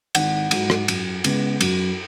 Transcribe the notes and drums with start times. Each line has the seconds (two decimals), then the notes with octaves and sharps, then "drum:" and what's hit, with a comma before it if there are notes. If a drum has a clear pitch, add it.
0.15 G#1 F#5, drum: cymbal
0.51 G#2 F#3, drum: cymbal
0.70 drum: rim click
0.88 F#2, drum: cymbal
1.24 C#3 G#3 B3, drum: cymbal
1.61 F#2, drum: cymbal